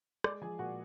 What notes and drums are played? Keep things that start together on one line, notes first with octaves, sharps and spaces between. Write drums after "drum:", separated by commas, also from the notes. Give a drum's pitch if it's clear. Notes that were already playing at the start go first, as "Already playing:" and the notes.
G#3 D5 D6, drum: rim click
F3 G#4 G#5
A#2 F#4 F#5